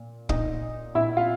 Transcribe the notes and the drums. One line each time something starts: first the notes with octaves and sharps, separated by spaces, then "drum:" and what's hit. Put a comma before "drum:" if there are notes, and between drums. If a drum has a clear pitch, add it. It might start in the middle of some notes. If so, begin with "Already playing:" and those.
Already playing: A#2
A#2 D#4 D#5, drum: kick
A#2 E4 E5
F4 F5